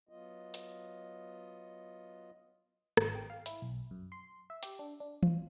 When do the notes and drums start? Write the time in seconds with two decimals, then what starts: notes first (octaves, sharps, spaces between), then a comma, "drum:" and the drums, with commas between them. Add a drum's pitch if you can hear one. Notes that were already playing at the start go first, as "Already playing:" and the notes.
0.09 F#3 B3 F4 D#5
0.54 drum: hi-hat
2.97 G#1, drum: rim click
3.15 G5
3.30 F5
3.46 E4, drum: hi-hat
3.62 B1
3.91 F#2
4.12 C6
4.50 E5
4.63 G4, drum: hi-hat
4.79 D4
5.00 D4
5.23 F4, drum: tom E3